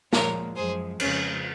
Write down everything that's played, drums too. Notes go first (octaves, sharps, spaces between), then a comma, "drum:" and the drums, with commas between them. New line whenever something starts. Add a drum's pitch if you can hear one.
A#2 F3 G#3 A#4 C#5, drum: snare
F#2 F3 G#3 G#4 C5
F2 C#3 G#3 C#4, drum: cymbal